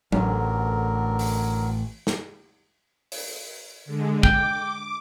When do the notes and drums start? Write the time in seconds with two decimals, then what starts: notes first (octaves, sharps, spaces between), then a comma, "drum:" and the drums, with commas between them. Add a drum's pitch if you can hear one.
0.12 A1 D3 F#3 A#4, drum: tom F#3
1.19 drum: open hi-hat
2.07 drum: snare
3.12 drum: open hi-hat
3.85 D3 G#3
4.23 G5 D6, drum: kick